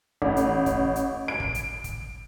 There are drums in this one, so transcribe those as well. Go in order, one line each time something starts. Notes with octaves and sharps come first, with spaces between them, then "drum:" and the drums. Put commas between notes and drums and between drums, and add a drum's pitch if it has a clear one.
A1, drum: kick
drum: hi-hat
drum: kick, hi-hat
drum: hi-hat
D7
drum: kick
drum: hi-hat
drum: kick, hi-hat